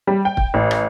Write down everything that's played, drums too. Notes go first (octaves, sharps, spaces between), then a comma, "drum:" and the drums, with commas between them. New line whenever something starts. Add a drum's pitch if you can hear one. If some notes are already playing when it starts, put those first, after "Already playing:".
G3
G5
drum: kick
A1
drum: rim click